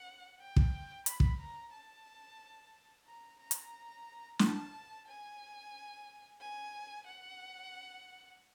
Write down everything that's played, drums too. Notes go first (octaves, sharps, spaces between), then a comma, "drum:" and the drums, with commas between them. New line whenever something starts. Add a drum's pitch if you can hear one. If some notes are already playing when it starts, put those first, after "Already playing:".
Already playing: F#5
G5
drum: kick
B5, drum: hi-hat
drum: kick
A#5
A5
A#5
A#5
drum: hi-hat
A5, drum: snare
G#5
G#5
F#5